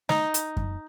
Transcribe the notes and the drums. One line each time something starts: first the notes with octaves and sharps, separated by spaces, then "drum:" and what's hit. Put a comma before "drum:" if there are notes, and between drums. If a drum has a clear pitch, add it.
D#4, drum: snare
drum: hi-hat
drum: kick F#2